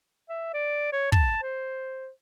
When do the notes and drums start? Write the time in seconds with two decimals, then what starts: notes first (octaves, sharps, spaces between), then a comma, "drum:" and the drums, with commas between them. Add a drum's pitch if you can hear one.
0.29 E5
0.54 D5
0.93 C#5
1.12 A5, drum: kick
1.42 C5